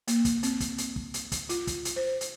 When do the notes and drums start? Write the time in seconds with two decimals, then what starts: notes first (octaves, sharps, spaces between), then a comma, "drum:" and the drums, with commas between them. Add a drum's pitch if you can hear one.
0.08 A#3, drum: hi-hat
0.25 drum: kick, hi-hat
0.43 C4, drum: hi-hat
0.60 drum: kick, hi-hat
0.78 drum: hi-hat
0.96 drum: kick
1.14 drum: hi-hat
1.32 drum: kick, hi-hat
1.49 F4, drum: hi-hat
1.67 drum: kick, hi-hat
1.85 drum: hi-hat
1.96 C5
2.21 drum: hi-hat